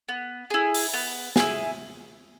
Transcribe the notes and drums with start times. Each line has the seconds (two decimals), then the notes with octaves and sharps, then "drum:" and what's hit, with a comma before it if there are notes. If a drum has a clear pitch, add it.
0.09 B3
0.50 E4 G#4
0.74 drum: open hi-hat
0.94 B3
1.36 E4 G#4, drum: snare